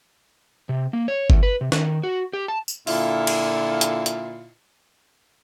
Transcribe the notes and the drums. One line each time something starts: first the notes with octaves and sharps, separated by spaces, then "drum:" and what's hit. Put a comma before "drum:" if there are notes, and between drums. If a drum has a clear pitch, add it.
C3
A#3
C#5
E2, drum: kick G1
B4
C3
D#3, drum: snare
F#4
G4
A5
drum: tambourine
A#2 D3 E4 F4, drum: open hi-hat
drum: cymbal
drum: hi-hat
drum: hi-hat